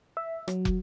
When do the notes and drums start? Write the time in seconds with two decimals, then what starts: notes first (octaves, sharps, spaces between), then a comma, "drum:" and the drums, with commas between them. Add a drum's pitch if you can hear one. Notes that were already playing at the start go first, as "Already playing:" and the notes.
0.17 E5
0.48 F#3, drum: rim click
0.65 drum: kick